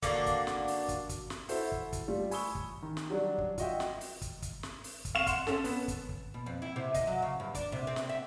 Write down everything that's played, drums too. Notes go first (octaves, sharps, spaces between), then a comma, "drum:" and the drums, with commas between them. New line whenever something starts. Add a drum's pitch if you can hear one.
D3 A#3 D4 F#4, drum: kick, hi-hat
drum: kick, hi-hat
drum: snare
drum: open hi-hat
drum: kick, hi-hat
drum: kick, hi-hat
drum: snare
E4 F#4 A4 C5 E5, drum: open hi-hat
drum: kick
drum: kick, hi-hat
G3 A3 F4
G#5 B5 C#6 D#6 E6 G7, drum: open hi-hat
drum: kick
D#3
drum: snare
F#3 G3 D4
drum: kick
F4 F#4 D#5 E5 G5, drum: kick, hi-hat
drum: snare
drum: open hi-hat
drum: kick, hi-hat
drum: kick, hi-hat
drum: snare
drum: open hi-hat
drum: kick, hi-hat
F5 C#6 E7
F#5 C6, drum: kick, hi-hat
C#4 A4, drum: snare
B3, drum: open hi-hat
drum: kick, hi-hat
drum: kick
B2
F2
E4
C3
D#5, drum: kick, hi-hat
F#3
C#3
G2
D4, drum: kick, hi-hat
C3
C4
drum: snare
E5